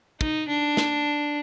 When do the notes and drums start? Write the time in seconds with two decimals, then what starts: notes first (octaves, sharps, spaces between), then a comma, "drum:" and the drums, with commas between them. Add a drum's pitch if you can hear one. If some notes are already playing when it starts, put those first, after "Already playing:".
0.21 D#4, drum: kick
0.49 D4
0.77 drum: snare